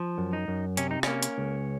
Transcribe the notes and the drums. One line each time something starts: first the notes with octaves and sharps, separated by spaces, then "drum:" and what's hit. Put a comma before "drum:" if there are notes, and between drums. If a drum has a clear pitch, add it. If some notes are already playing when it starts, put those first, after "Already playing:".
Already playing: F3
F#2
D#4
F#2
C3 C#4, drum: hi-hat
D#4
A#3 C#4, drum: rim click
drum: hi-hat
C#2